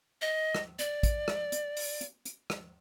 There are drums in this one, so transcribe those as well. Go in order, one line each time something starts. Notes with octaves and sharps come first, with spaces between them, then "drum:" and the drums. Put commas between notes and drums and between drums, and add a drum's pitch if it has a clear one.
D#5
drum: rim click
D5, drum: hi-hat
drum: kick, hi-hat
drum: rim click
drum: hi-hat
drum: open hi-hat
drum: hi-hat
drum: hi-hat
drum: rim click